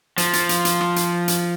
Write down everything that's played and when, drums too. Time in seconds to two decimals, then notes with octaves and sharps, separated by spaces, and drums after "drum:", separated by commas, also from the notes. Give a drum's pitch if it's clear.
0.18 F3, drum: hi-hat
0.33 drum: hi-hat
0.49 drum: hi-hat
0.65 drum: hi-hat
0.81 drum: rim click
0.96 drum: hi-hat
1.28 drum: hi-hat